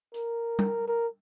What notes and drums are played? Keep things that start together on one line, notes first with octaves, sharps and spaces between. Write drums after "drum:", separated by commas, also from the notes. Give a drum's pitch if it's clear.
A#4, drum: hi-hat
drum: tom G3
A#4